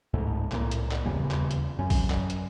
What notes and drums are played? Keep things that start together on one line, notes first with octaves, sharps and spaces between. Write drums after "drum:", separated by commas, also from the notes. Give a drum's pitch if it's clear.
C#2 G#2 A3
C2 A2 A3 A#3, drum: clap
drum: hi-hat
drum: clap
D#1 E2 C#3 G3
drum: clap
drum: hi-hat
F#2 C#4
drum: kick, open hi-hat
drum: clap
drum: hi-hat